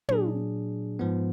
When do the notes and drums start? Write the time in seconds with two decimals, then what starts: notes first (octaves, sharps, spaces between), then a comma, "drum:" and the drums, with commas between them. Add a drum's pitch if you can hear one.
0.09 A#2 F#3 D4 G#4, drum: tom
0.99 G#2 F3 B3